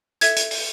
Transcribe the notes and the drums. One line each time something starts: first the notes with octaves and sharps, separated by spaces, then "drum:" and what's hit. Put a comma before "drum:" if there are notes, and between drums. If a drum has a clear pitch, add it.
A4 E5 G#6, drum: hi-hat
drum: hi-hat
drum: open hi-hat